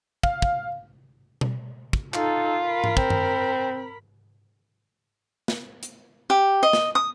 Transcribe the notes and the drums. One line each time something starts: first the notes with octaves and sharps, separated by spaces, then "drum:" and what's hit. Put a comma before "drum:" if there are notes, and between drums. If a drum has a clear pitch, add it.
F5, drum: kick
drum: kick
drum: tom B2
drum: kick
D#4 F4 A4, drum: clap
A#4 B5
drum: tom G#2
C4, drum: kick
drum: tom F#2
drum: snare
drum: hi-hat
G4
D#5
drum: snare
D#6